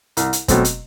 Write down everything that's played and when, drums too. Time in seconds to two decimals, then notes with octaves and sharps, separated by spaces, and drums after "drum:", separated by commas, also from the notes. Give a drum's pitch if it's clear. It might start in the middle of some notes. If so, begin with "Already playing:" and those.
0.17 C2, drum: hi-hat
0.33 drum: hi-hat
0.48 B2 F#3 A3 C4, drum: kick, hi-hat
0.65 drum: hi-hat